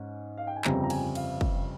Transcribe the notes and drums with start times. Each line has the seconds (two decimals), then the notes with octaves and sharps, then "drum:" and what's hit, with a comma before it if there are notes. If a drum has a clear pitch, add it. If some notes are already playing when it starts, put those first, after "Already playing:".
Already playing: G#2 C#4
0.38 F5
0.47 G5
0.56 G#5
0.64 G1 F2 C#3 G3 C4 A#5, drum: clap
0.84 A#5
0.90 G#5, drum: cymbal
1.15 F5, drum: cymbal
1.41 drum: kick